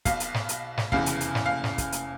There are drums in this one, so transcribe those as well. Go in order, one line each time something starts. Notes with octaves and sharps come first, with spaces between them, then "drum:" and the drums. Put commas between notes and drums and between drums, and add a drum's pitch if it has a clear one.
B1 B2 F5, drum: kick, hi-hat
drum: hi-hat
drum: snare
drum: hi-hat
drum: snare
F1 E2 C#3 E3 F5, drum: kick
drum: hi-hat
drum: hi-hat
drum: snare
F5
drum: snare
drum: kick, hi-hat
drum: hi-hat